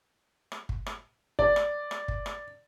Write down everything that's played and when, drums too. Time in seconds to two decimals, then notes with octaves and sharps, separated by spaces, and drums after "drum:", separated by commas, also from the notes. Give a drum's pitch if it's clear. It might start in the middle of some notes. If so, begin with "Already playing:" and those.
0.52 drum: rim click
0.69 drum: kick G1
0.86 drum: rim click
1.39 D5, drum: kick G1
1.56 drum: rim click
1.91 drum: rim click
2.08 drum: kick G1
2.26 drum: rim click